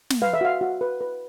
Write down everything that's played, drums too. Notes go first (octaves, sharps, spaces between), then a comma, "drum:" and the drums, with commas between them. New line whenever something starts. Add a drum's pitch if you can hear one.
drum: snare
B4 F5
E5
F#4 F5
F#4
B4
B4